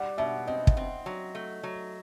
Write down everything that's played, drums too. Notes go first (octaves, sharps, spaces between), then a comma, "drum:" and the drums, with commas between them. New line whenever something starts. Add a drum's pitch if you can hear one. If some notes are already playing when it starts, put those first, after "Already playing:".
Already playing: G3 F#5
B2 E5
C4 D#5
drum: kick
C4
F#3
A3
F#3